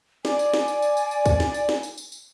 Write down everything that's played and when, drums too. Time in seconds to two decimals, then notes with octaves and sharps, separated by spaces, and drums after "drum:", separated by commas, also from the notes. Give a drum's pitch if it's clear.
0.25 D5 G#5, drum: snare
0.39 drum: tambourine
0.54 drum: snare
0.68 drum: tambourine
0.82 drum: tambourine
0.97 drum: tambourine
1.11 drum: tambourine
1.26 drum: kick, tambourine
1.40 drum: snare
1.54 drum: tambourine
1.69 drum: snare
1.83 drum: tambourine
1.98 drum: tambourine
2.12 drum: tambourine